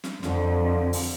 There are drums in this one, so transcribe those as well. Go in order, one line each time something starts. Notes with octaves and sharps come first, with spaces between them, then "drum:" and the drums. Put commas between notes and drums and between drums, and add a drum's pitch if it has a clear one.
drum: snare
F2 D3, drum: snare
drum: open hi-hat